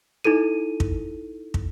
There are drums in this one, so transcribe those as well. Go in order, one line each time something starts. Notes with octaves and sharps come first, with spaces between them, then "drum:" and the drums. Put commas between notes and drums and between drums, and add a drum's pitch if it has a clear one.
D#4 E4 A4 D#7
drum: kick
drum: kick